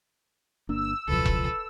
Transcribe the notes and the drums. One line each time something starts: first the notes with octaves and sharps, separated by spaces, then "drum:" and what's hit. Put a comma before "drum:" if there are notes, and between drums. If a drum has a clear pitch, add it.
G1 A#3 D4 E6
E1 C#2 F3 F#3 A4 B4
drum: kick E1